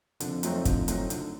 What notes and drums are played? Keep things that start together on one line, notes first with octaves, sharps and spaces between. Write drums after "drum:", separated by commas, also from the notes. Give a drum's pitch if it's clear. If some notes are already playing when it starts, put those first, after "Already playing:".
F2 D3, drum: hi-hat
F#3 A3 C4 D#4, drum: hi-hat
D3, drum: kick, hi-hat
F#3 A3 C4 D#4, drum: hi-hat
D3, drum: hi-hat